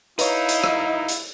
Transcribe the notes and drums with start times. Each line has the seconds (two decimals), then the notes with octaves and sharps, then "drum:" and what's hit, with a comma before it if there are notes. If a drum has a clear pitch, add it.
0.19 D#4 E4 B4 C#5 F5, drum: hi-hat
0.49 drum: hi-hat
0.64 drum: rim click
1.08 drum: hi-hat